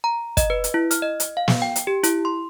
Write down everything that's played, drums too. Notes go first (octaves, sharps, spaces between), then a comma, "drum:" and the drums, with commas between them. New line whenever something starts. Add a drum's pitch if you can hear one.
A#5
D#5, drum: kick, hi-hat
B4
drum: hi-hat
E4
F6, drum: hi-hat
D#5
drum: hi-hat
F5
drum: snare
G5
drum: hi-hat
G4
E4, drum: hi-hat
C6